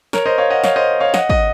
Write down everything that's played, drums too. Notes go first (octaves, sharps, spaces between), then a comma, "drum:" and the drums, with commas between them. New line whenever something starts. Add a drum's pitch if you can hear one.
A#4 C#5, drum: snare
C5 D#5
C#5 F5
D#5 F#5
C#5 F5, drum: snare
C5 D#5
C#5 F5
D#5 F#5, drum: snare
D#5 F#5, drum: kick